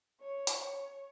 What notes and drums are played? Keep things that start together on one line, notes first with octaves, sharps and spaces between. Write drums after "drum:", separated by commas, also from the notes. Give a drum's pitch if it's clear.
C#5
drum: hi-hat
C#5